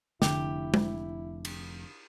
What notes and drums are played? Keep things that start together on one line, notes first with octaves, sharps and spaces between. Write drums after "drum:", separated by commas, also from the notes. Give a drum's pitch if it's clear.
F1 D3 E4 G4, drum: snare
drum: tom G#3
drum: cymbal